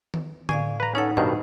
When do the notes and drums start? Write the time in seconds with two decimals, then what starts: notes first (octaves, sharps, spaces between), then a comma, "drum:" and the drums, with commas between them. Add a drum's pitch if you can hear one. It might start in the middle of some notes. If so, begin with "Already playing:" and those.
0.14 drum: tom D#3
0.49 A2 D5 F5 G#5, drum: tom D3
0.80 B4 A#5
0.95 C#4 D#4 A4 C#5 F#5
1.17 G2 B2 D#3 C5